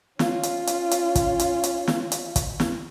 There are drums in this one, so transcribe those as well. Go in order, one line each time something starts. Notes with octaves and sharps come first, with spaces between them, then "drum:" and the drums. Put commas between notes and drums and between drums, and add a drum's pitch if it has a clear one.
C#4 F4, drum: snare
drum: hi-hat
drum: hi-hat
drum: hi-hat
drum: kick, hi-hat
drum: hi-hat
drum: hi-hat
drum: snare
drum: hi-hat
drum: kick, hi-hat
drum: snare